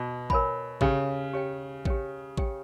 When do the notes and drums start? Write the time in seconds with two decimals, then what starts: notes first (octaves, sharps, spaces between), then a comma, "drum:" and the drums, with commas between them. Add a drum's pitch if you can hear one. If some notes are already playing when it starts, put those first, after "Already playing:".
Already playing: B2
0.30 A#4 C#5 G#5 B5, drum: kick A1
0.81 C#3 G4 C#5 G5, drum: kick A1
1.33 G4 C#5 G5
1.85 G4 C#5 G5, drum: kick A1
2.38 G4 C#5 G5, drum: kick A1